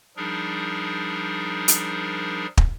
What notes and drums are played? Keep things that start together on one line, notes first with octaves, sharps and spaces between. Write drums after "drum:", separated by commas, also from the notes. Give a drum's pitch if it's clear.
F3 G3 D4 D#4 G#4 A#4
drum: hi-hat
drum: kick